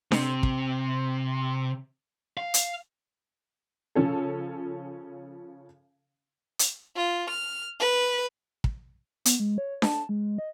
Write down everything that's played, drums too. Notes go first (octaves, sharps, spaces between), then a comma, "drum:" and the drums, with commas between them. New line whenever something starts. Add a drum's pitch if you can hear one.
C3, drum: snare D4
drum: kick
F5
drum: hi-hat
C#3 F3 C#4 A4
drum: hi-hat
F4
F6
B4
drum: kick
B3, drum: hi-hat
G#3
C#5
A5, drum: snare D4
G#3
D#5